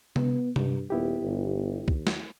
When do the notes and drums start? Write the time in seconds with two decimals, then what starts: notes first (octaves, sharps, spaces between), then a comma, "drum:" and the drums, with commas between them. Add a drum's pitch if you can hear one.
0.16 B3, drum: tom C3
0.56 G2, drum: tom C3
0.90 D#1 B3 E4 G4
1.22 G1
1.88 D#2, drum: kick
2.07 drum: snare